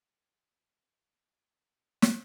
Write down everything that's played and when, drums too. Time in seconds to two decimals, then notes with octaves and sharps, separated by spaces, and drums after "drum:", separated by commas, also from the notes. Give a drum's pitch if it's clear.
0.09 A3 A#3 G#4 A4 D#5
2.02 drum: snare